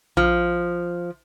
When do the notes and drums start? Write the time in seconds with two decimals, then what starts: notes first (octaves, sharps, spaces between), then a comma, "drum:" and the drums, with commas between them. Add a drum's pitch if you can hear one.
0.17 F3, drum: kick A#1